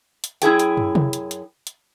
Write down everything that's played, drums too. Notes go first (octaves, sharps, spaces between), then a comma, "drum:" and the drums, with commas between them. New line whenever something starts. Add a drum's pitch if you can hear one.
drum: hi-hat
F#2 E4 G#4 G5, drum: hi-hat
drum: hi-hat
drum: tom
drum: tom C3
drum: hi-hat
drum: hi-hat
drum: hi-hat